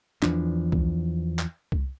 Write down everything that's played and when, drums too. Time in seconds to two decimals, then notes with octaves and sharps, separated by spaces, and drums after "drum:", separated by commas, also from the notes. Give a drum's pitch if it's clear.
0.22 E2 E3 F3 D4, drum: clap
0.72 drum: kick C2
1.39 drum: clap
1.72 drum: kick C2